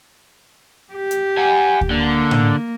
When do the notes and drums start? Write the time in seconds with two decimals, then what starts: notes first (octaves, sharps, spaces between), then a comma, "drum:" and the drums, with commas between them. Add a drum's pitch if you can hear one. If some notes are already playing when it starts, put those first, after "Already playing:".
0.94 G4
1.11 drum: hi-hat
1.38 F#5 G#5
1.81 drum: kick D2
1.90 D3 A#3
2.31 drum: tom A2